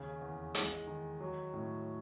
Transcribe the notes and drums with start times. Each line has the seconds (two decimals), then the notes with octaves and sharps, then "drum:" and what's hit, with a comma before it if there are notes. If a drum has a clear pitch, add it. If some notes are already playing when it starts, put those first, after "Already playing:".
Already playing: D#2 C#3
0.21 E2
0.55 G#3, drum: hi-hat
0.87 D#3
1.20 F#3
1.54 A2